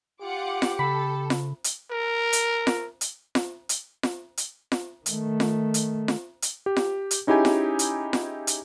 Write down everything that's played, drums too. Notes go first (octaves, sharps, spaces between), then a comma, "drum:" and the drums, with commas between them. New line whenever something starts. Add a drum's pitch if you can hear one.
F4 G4 F#5 D6
drum: snare F4
C#3 A4 B5
drum: snare F4
drum: hi-hat
A#4
drum: hi-hat
drum: snare F4
drum: hi-hat
drum: snare F4
drum: hi-hat
drum: snare F4
drum: hi-hat
drum: snare F4
D#3 A3, drum: hi-hat
drum: snare F4
drum: hi-hat
drum: snare F4
drum: hi-hat
G4
drum: snare F4
drum: hi-hat
C#4 D#4 E4 G4 G#4 G#5
drum: snare F4
drum: hi-hat
drum: snare F4
drum: hi-hat